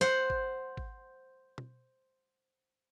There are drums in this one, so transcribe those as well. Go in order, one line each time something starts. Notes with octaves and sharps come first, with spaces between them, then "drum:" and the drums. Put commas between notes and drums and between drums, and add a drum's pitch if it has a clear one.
C5 F#5, drum: snare
drum: kick G#1
drum: kick G#1
drum: tom